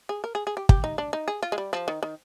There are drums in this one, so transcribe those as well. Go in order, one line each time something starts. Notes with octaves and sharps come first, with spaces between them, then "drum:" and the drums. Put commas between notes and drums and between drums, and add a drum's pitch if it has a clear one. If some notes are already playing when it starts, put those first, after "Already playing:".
G#4
A#4
G#4
G#4
G4
G4, drum: kick
D#4
D4
D#4
G#4
F4
G#3
G3
F3
D#3
D#3